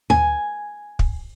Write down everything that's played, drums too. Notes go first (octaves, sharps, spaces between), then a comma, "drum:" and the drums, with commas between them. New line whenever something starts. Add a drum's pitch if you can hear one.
G#5, drum: tom D2
drum: kick